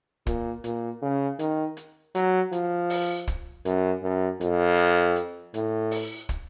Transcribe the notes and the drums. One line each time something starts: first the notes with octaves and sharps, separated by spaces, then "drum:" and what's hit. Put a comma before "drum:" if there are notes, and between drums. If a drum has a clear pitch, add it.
A#2, drum: kick, hi-hat
A#2, drum: hi-hat
C#3
D#3, drum: hi-hat
drum: hi-hat
F#3, drum: hi-hat
F3, drum: hi-hat
drum: open hi-hat
drum: kick, hi-hat
F#2, drum: hi-hat
F#2
F2, drum: hi-hat
drum: hi-hat
drum: hi-hat
A2, drum: hi-hat
drum: open hi-hat
drum: kick, hi-hat